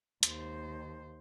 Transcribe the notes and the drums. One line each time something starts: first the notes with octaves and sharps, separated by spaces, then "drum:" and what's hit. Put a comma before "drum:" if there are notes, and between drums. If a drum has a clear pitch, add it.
D#2 C5, drum: hi-hat